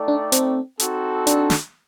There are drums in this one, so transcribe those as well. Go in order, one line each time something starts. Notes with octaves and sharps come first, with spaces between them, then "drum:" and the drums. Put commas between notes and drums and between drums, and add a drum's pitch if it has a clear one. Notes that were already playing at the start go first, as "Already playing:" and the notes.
Already playing: A3 D#4 A4 D5 G5
D4
C4, drum: hi-hat
C4 D#4 F#4 A4, drum: hi-hat
D4, drum: hi-hat
drum: snare